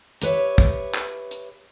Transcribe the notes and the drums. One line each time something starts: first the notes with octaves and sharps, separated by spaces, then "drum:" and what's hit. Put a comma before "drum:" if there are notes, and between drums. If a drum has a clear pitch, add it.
G4 B4 C#5 E5, drum: hi-hat
drum: kick
drum: clap
drum: hi-hat